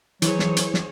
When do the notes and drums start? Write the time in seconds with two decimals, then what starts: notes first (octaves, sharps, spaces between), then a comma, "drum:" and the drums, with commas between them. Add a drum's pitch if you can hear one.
0.22 E3 F#3 G#4 C5 C#5, drum: hi-hat
0.39 drum: snare
0.57 drum: hi-hat
0.74 drum: snare